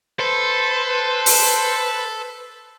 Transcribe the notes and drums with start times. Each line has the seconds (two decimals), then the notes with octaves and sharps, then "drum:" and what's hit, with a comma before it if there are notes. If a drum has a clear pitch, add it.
0.19 A4 B4 C5
1.26 drum: open hi-hat